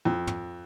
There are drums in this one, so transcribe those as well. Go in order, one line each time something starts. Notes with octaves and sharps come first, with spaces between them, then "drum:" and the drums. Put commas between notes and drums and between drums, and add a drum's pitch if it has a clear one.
F2
drum: tom